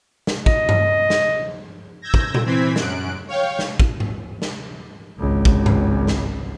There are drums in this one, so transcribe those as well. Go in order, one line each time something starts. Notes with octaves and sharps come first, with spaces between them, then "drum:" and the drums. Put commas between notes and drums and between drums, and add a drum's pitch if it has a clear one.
drum: snare
D#5, drum: kick
drum: tom G2
drum: snare
E6 G6 G#6 A#6
drum: kick
drum: tom A#2
E3 C4 G#6 B6
F#2 F#6 D7, drum: snare
C#5 F5 G5
drum: snare
drum: kick
drum: tom G#2
drum: snare
G#1 C#2
drum: kick
drum: tom G2
drum: snare